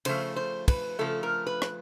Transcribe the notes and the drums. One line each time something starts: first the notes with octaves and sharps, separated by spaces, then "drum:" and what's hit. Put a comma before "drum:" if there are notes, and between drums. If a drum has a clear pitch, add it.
C#3 F3 A3 C5, drum: cymbal
C5
B4, drum: kick, cymbal
C#3 F3 A3 A4
A#4
B4
drum: rim click